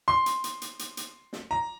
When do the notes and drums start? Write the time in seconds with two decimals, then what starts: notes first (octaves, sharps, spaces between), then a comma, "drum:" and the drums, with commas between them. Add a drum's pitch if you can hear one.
0.08 C6
0.26 drum: hi-hat
0.44 drum: hi-hat
0.62 drum: hi-hat
0.79 drum: hi-hat
0.97 drum: hi-hat
1.33 drum: snare
1.51 A#5